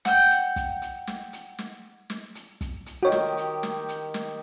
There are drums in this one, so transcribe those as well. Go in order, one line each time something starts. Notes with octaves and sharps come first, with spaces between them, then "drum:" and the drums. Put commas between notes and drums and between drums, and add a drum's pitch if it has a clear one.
F#5 G5, drum: snare
drum: hi-hat
drum: kick, hi-hat
drum: hi-hat
drum: snare
drum: hi-hat
drum: snare
drum: snare
drum: hi-hat
drum: kick, hi-hat
drum: hi-hat
D#3 F#4 G4 C#5
drum: snare
drum: hi-hat
drum: snare
drum: hi-hat
drum: snare